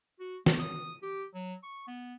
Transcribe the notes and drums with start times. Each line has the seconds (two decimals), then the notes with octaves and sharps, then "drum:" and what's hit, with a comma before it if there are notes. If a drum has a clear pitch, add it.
0.20 F#4
0.46 A3, drum: snare
0.59 D#6
1.02 G4
1.34 F#3
1.63 C#6
1.87 B3